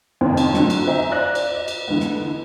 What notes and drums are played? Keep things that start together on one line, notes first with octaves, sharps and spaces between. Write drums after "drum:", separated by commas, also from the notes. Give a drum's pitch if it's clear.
F2 C3 D#3 C4 C#4
drum: cymbal
D3 F3 F#3, drum: snare
drum: cymbal
C5 D#5 E5 G#5 A#5
C5 D5 F5 F#6 A#6
drum: cymbal
D#5
drum: cymbal
D3 E3 G#3 B3
drum: snare